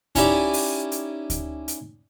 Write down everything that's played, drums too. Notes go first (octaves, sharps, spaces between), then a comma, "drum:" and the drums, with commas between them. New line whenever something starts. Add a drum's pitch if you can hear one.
C#4 D#4 E4 G4 D5, drum: kick D2, hi-hat
drum: open hi-hat
drum: hi-hat
drum: kick D2, hi-hat
drum: hi-hat